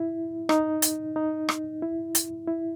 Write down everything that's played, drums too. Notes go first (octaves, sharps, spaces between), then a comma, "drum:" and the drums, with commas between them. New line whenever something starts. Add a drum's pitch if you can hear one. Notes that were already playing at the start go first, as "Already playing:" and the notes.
Already playing: E4
D#4, drum: rim click
drum: hi-hat
D#4
drum: rim click
E4
drum: hi-hat
E4